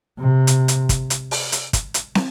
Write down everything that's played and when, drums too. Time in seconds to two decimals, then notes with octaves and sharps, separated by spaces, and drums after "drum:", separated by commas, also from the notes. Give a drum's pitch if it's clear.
0.19 C3
0.47 drum: hi-hat
0.68 drum: hi-hat
0.89 drum: kick, hi-hat
1.10 drum: hi-hat
1.31 drum: open hi-hat
1.52 drum: hi-hat
1.73 drum: kick, hi-hat
1.94 drum: hi-hat
2.15 drum: snare